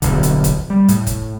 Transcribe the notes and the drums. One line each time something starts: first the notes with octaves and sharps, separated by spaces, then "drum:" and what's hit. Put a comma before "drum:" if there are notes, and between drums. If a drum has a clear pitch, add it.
D1 B1 D3, drum: hi-hat
drum: hi-hat
drum: kick G1, hi-hat
G3
A2, drum: hi-hat
drum: kick G1, hi-hat